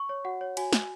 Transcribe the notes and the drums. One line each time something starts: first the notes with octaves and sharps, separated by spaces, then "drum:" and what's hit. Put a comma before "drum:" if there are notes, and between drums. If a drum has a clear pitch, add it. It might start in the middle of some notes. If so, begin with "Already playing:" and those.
Already playing: C#6
C#5
F#4 F#5
C#5
F#4 G#5, drum: cymbal
F#4, drum: snare